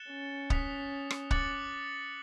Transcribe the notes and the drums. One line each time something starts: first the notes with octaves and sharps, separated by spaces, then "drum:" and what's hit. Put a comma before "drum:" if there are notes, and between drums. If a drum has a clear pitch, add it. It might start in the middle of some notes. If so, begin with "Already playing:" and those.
Already playing: F#6 A6 C#7 E7 G7
C#4
D#6 F#6 B6, drum: kick C#1
drum: rim click
D6 F#6 A6 C#7 F#7, drum: kick C#1